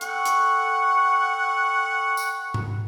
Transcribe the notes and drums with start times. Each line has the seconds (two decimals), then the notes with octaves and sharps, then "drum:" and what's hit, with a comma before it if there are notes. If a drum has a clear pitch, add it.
0.01 A4 F#5 G5 C#6, drum: hi-hat
0.26 drum: hi-hat
2.17 drum: tambourine
2.54 drum: tom G#2